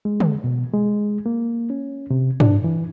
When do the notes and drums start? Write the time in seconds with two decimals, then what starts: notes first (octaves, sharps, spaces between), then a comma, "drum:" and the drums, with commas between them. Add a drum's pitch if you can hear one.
0.05 G#3
0.20 drum: tom
0.44 B2
0.74 G#3
1.26 A#3
1.70 C#4
2.11 C3
2.40 D4, drum: tom G2
2.64 E3